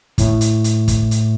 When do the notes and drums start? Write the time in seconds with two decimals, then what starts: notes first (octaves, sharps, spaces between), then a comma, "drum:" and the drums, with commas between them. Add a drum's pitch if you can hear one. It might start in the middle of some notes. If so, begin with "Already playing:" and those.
0.18 A2, drum: kick, hi-hat
0.41 drum: hi-hat
0.64 drum: hi-hat
0.88 drum: kick, hi-hat
1.11 drum: hi-hat